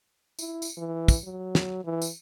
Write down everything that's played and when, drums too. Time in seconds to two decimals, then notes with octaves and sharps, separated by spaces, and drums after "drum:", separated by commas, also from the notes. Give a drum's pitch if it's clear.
0.39 E4, drum: tambourine
0.62 drum: tambourine
0.77 E3
1.08 drum: kick, tambourine
1.24 F#3
1.55 drum: snare
1.84 E3
2.02 drum: tambourine